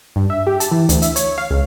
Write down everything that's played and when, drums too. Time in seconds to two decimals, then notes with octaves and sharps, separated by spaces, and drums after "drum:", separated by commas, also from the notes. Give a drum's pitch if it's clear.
0.16 G2
0.30 E5
0.47 G4
0.60 A5, drum: hi-hat
0.72 E3
0.89 D2, drum: hi-hat
1.02 E5, drum: hi-hat
1.16 C#5, drum: hi-hat
1.38 F5
1.51 C#2